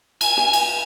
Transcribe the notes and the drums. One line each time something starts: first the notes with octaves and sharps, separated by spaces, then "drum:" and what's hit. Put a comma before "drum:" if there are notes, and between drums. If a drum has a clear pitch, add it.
G#5, drum: cymbal
drum: snare
drum: cymbal